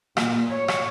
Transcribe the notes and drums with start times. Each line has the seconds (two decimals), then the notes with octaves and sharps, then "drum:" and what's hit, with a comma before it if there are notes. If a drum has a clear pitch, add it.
0.17 A#2, drum: rim click
0.51 C#5
0.68 drum: rim click